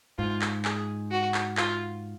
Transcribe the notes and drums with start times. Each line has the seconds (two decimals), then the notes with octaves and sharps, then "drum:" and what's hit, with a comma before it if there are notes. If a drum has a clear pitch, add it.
0.18 G#2 F4
0.41 drum: clap
0.65 G#4, drum: clap
1.11 F#4
1.34 drum: clap
1.57 F4, drum: clap